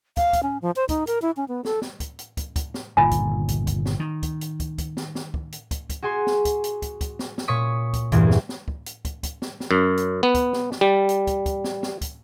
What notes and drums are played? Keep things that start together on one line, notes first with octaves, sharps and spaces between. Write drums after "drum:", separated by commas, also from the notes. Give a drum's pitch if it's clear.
F5, drum: kick, hi-hat
drum: kick, hi-hat
C#4
F3
C5
D#4, drum: kick, hi-hat
A#4, drum: hi-hat
E4
C#4
B3
A4, drum: snare
drum: snare
drum: kick, hi-hat
drum: hi-hat
drum: kick, hi-hat
drum: kick, hi-hat
drum: snare
G1 A#2 D#3 F4 G#5
drum: kick, hi-hat
drum: kick, hi-hat
drum: kick, hi-hat
drum: snare
D#3
drum: kick, hi-hat
drum: hi-hat
drum: kick, hi-hat
drum: kick, hi-hat
drum: snare
drum: snare
drum: kick
drum: hi-hat
drum: kick, hi-hat
drum: kick, hi-hat
F#4 G#4 G#5 C6
drum: snare
drum: kick, hi-hat
drum: hi-hat
drum: kick, hi-hat
drum: kick, hi-hat
drum: snare
drum: snare
A#2 C#5 C#6 D#6 B6
drum: kick, hi-hat
E2 G2 A#2 E3, drum: kick, hi-hat
drum: snare
drum: snare
drum: kick
drum: hi-hat
drum: kick, hi-hat
drum: kick, hi-hat
drum: snare
drum: snare
F#2
drum: hi-hat
B3
drum: kick, hi-hat
drum: snare
drum: snare
G3
drum: hi-hat
drum: kick, hi-hat
drum: kick, hi-hat
drum: snare
drum: snare
drum: kick, hi-hat